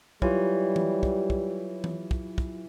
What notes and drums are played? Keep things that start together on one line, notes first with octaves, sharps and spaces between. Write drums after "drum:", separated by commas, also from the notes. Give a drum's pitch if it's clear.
E3 F#3 G3 F4 G4 C#5, drum: kick
drum: tom E3
drum: kick
drum: kick
drum: tom E3
drum: kick
drum: kick